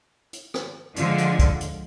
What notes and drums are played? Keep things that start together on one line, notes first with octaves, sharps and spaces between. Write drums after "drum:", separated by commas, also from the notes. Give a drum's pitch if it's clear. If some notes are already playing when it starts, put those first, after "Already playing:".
drum: hi-hat
drum: rim click
D3 F3 G#3, drum: hi-hat
drum: hi-hat
drum: kick, hi-hat
drum: hi-hat